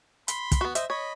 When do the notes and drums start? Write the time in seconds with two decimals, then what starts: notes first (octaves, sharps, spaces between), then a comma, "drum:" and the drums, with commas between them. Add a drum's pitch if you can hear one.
0.28 B5 C6, drum: hi-hat
0.52 drum: kick, hi-hat
0.61 B3 F#4
0.75 C5 D#5 E5, drum: hi-hat
0.90 C#5 D#5 B5